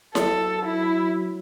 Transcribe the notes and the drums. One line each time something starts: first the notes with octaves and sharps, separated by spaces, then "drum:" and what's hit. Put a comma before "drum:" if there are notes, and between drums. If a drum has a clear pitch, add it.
F#3 A4, drum: snare E4
E4